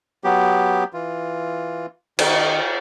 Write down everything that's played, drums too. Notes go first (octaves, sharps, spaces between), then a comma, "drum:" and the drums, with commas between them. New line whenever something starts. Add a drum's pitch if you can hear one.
F#3 B3 G4
E3 F4
D#3, drum: cymbal